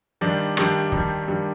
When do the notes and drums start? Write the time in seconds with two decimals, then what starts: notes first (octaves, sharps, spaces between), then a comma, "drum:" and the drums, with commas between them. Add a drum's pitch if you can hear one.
0.21 G2 D#3 G3 D4
0.57 G2 D#3 G3 D4, drum: rim click
0.92 G2 D#3 G3 D4, drum: kick
1.28 G2 D#3 G3 D4